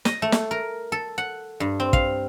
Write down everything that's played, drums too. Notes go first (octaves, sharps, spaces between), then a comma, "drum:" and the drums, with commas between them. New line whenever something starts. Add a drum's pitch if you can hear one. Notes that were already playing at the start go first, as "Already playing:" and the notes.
D#5, drum: snare
A3
drum: snare
A#4
A4
F#5
G2
C4
F5, drum: kick